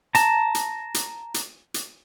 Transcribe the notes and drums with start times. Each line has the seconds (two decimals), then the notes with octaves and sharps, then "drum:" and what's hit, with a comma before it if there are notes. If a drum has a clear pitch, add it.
0.15 A5 A#5, drum: hi-hat
0.55 drum: hi-hat
0.94 drum: hi-hat
1.34 drum: hi-hat
1.74 drum: hi-hat